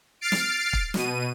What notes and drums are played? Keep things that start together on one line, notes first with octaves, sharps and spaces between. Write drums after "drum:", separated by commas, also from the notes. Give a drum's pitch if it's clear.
F6 A6 C7 D7
drum: snare
drum: kick
B2 D#7, drum: snare